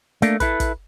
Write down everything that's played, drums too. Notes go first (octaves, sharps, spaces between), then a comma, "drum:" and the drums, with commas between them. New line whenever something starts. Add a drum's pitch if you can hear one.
A3 A#3 D4, drum: hi-hat
E4 A4 B4, drum: kick, hi-hat
drum: kick, hi-hat